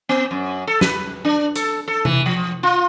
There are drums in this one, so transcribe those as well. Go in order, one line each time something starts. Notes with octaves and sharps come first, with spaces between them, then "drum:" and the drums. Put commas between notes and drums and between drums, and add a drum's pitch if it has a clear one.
B3
F#2
A4
B4, drum: snare
D4
A4, drum: hi-hat
A4
E3, drum: tom C3
F3
F4